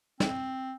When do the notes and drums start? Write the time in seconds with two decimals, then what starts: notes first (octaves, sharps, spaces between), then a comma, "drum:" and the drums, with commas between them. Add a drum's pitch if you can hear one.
0.20 C4, drum: snare